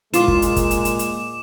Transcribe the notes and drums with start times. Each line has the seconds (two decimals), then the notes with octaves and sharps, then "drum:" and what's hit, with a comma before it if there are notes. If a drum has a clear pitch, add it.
0.14 A#2 G#3 F4 D6 E7, drum: hi-hat
0.28 drum: kick
0.42 drum: hi-hat
0.56 drum: kick, hi-hat
0.71 drum: hi-hat
0.85 drum: hi-hat
0.99 drum: hi-hat